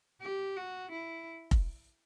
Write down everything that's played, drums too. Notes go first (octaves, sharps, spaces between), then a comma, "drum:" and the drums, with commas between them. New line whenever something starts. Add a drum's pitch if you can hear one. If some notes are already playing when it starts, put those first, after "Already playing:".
G4
F#4
E4
drum: kick F1